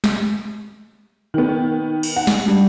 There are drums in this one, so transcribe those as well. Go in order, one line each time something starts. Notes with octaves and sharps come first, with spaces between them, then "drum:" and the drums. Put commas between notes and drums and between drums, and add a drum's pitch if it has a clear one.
drum: snare G#3
D#3 B3
drum: cymbal
F#5
drum: snare G#3
G2 G3